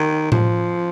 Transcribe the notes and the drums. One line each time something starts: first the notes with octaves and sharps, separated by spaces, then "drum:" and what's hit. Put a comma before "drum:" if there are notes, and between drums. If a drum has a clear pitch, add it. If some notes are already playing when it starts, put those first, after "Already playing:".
Already playing: D#3
F3, drum: tom A2